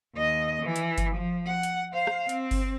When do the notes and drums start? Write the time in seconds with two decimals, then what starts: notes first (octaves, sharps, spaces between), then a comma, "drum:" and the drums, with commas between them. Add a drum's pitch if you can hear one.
0.15 D#2 D#5
0.62 E3
0.76 drum: hi-hat
0.98 drum: kick G1, hi-hat
1.15 F3
1.47 F#5
1.63 drum: hi-hat
1.94 C5 F5
2.07 drum: rim click
2.29 C4, drum: hi-hat
2.51 drum: kick G1, open hi-hat